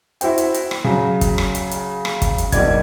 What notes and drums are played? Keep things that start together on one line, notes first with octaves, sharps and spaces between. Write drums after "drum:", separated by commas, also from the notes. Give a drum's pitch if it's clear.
E4 F#4 C5 G5, drum: hi-hat
drum: hi-hat
drum: hi-hat
drum: rim click
C#3 F#3
drum: kick, hi-hat
drum: rim click
drum: hi-hat
drum: hi-hat
drum: rim click
drum: kick, hi-hat
drum: hi-hat
F#1 B1 D5 G#6, drum: kick, hi-hat